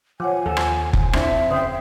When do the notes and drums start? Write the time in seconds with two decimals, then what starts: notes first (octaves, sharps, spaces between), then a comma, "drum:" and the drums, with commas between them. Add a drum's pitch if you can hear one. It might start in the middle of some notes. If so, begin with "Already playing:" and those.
0.20 F3 C#5 F#5 G#5 D6
0.46 D#2 F3 A4
0.57 drum: rim click
0.93 drum: kick F1
1.13 F2 C4 D4 E4 E5, drum: rim click
1.51 C#3 C5 G5 D#6